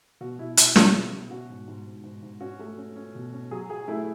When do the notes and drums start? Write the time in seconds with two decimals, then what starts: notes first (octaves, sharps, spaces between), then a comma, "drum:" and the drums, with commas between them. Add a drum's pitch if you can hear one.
0.21 B2 F#4
0.39 B2 E4
0.57 B2 E4, drum: hi-hat
0.76 B2, drum: snare
0.94 B2
1.12 B2
1.31 C#4 F#4
1.50 G#2
1.68 G#2
1.86 G#2
2.04 G#2
2.23 G#2
2.40 C#4 F#4
2.59 A3
2.78 C#4
2.96 C#4
3.15 B2
3.33 C#4
3.51 F#3 G#4
3.70 F#3 G#4
3.88 A3 E4